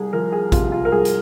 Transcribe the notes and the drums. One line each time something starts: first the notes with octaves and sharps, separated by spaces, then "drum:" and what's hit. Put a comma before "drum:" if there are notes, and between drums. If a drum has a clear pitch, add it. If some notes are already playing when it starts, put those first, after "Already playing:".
Already playing: C2 G#4
F3 A#4
G#4
C3 F4, drum: kick A1, hi-hat
F4
A#4
C2 G#4
drum: hi-hat